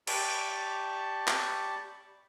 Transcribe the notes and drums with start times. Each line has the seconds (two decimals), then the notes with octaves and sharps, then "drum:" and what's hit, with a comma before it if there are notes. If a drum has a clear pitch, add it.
0.07 G4 D5 A5 B5 C#6, drum: cymbal
1.28 drum: clap